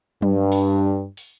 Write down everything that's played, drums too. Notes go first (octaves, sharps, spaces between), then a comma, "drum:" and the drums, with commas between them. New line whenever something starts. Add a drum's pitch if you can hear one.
G2, drum: tom F#3
drum: open hi-hat
drum: open hi-hat